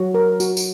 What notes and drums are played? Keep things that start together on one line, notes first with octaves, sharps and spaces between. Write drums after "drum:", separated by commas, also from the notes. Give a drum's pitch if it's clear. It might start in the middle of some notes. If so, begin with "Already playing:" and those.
Already playing: F#3 F#4
A#4
F#4, drum: tambourine
drum: tambourine